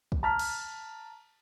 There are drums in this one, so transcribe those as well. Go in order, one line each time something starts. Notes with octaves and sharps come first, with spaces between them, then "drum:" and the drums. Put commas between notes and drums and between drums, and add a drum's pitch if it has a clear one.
drum: kick
A5 A#5 F6 B6
drum: cymbal